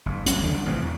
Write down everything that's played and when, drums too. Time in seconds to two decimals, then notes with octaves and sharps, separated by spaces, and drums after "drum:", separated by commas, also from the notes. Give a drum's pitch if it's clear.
0.06 F#1 G#2
0.26 F1 C2 F#3 C#4, drum: hi-hat
0.40 D#2 D3 G#3 D4
0.52 C2
0.65 A1 E3 F3 C4
0.82 E2